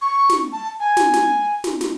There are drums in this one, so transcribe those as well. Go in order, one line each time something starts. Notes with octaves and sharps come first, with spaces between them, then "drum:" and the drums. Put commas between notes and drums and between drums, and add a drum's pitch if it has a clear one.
C#6
drum: snare
A5
G#5
drum: snare
drum: snare
drum: snare
drum: snare